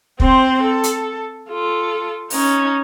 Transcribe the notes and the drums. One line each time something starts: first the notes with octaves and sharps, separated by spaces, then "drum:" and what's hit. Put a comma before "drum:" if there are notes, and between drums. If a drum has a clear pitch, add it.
C4 C5, drum: kick
A4
drum: hi-hat
F4 A4
C#4 D#4, drum: open hi-hat